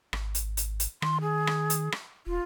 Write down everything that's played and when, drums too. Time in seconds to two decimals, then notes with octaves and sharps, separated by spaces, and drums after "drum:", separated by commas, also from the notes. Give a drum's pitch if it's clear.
0.13 G#1, drum: rim click
0.35 drum: hi-hat
0.57 drum: hi-hat
0.80 drum: hi-hat
1.02 D#3 C6, drum: rim click
1.21 G#4
1.47 drum: rim click
1.70 drum: hi-hat
1.92 drum: rim click
2.27 E1 F4